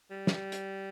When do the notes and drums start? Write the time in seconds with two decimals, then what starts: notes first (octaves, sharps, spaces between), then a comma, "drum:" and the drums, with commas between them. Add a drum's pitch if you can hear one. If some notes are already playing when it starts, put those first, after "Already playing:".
0.11 G3
0.27 drum: snare
0.52 drum: hi-hat